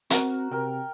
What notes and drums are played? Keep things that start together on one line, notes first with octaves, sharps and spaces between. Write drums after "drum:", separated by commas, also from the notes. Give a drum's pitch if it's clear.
C4 F#4 A#4, drum: hi-hat
C3 A#4 G5